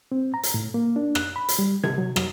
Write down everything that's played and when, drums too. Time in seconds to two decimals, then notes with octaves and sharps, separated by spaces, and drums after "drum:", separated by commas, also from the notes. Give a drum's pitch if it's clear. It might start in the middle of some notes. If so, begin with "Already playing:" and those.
0.12 C4
0.34 A#5
0.43 drum: hi-hat
0.54 A2
0.74 A#3
0.96 D4
1.15 F#6, drum: rim click
1.36 B5
1.49 drum: hi-hat
1.59 G3
1.84 G#6, drum: tom C3
1.98 F#3
2.16 F#3, drum: rim click